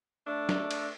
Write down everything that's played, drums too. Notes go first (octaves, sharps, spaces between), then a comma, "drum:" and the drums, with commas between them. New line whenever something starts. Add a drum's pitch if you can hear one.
A3 D4
drum: snare
drum: cymbal